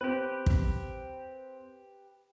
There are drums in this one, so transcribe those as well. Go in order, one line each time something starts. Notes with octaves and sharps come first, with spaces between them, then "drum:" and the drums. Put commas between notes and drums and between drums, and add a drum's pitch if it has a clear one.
C4 G4 B4
drum: kick